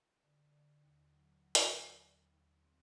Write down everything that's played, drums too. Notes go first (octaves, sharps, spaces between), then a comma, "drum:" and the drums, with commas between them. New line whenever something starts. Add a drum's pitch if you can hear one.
D3
D3
D#2
F#3
F#3
drum: hi-hat
D#2
D#2
D#2
C4